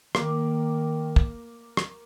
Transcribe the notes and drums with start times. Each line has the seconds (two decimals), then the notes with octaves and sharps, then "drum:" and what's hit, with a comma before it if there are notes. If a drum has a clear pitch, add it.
0.15 D#3 A#3, drum: rim click
1.16 drum: kick
1.77 drum: rim click